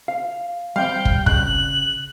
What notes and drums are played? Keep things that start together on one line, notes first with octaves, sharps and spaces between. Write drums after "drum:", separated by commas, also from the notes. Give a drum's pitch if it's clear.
F5
G3 C4 F5 G5
drum: kick
C#3 F#6 F#7, drum: kick